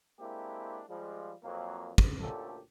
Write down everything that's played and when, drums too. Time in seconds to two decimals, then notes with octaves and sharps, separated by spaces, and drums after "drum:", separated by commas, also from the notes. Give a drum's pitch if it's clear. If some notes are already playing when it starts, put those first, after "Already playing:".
0.19 G#3 A#3 C4 D4 E4 G4
0.89 F3 G3 G#3
1.44 F2 F#3 A#3
1.98 drum: kick
2.20 D2 A#2 C#4 G4 A4